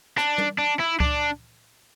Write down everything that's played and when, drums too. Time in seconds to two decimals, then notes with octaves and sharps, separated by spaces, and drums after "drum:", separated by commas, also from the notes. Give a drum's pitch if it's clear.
0.18 D4, drum: rim click
0.38 drum: tom
0.59 D4
0.80 E4
1.00 D4, drum: kick C#2